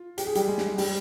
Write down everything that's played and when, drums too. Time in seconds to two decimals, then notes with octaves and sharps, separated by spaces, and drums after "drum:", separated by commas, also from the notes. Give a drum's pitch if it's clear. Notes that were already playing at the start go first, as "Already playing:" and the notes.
Already playing: F4
0.18 G4, drum: hi-hat
0.26 G#4
0.35 G3 G4, drum: hi-hat
0.48 G#3 G#4
0.58 drum: snare
0.78 G3 G4, drum: open hi-hat